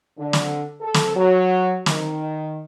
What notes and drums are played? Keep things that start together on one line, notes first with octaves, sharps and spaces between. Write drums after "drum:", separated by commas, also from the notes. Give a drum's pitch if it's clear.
D3
drum: snare
A4
drum: snare
F#3
D#3, drum: snare